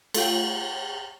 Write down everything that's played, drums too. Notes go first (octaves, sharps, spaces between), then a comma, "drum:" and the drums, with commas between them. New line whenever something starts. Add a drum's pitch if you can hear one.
A3 F4 G5, drum: cymbal